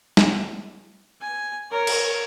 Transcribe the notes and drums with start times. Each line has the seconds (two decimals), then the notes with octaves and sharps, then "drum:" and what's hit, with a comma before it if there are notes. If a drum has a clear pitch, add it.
0.17 drum: snare
1.21 G#5
1.71 A#4 C#5
1.87 drum: cymbal